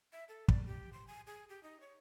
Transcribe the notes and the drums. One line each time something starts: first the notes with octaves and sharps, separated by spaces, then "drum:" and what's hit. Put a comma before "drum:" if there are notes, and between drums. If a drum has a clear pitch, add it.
E5
A4
D5, drum: kick
G4
C6
G#5
G#4
G4
D#4
C#5